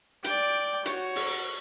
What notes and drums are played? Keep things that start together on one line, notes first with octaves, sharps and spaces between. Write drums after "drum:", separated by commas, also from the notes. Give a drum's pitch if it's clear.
D5 G5, drum: hi-hat
F#4 C#5, drum: hi-hat
drum: open hi-hat